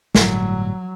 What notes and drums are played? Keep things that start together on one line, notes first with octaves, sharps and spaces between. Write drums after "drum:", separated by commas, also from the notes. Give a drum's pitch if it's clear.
G1 A2 F#3 G3, drum: snare